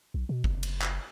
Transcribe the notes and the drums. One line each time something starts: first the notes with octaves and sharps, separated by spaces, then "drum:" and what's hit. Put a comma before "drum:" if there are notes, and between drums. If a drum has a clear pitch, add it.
B1
B2
F#1, drum: kick
drum: cymbal
drum: clap